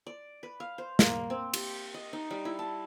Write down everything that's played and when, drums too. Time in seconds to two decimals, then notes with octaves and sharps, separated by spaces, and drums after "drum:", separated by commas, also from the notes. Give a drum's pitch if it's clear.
0.07 D5
0.43 B4
0.60 F5
0.78 C5
0.99 A#3, drum: snare
1.30 C4
1.54 G4, drum: cymbal
1.94 D#5
2.13 D#4
2.31 G3
2.45 E4
2.59 A5